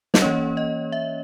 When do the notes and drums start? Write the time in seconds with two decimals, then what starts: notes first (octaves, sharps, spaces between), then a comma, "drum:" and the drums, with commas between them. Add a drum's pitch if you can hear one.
0.14 D#5, drum: snare
0.22 E3 A#3 C#4 C#5
0.57 D#5
0.92 E5